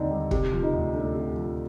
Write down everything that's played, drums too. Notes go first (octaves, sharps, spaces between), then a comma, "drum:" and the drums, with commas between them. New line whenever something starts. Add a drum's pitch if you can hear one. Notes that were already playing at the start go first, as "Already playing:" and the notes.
Already playing: D#2 D3 G3 C4 D#4
G3
C3 G4, drum: kick
F3
D#4
D2
A3 D4
C3
F3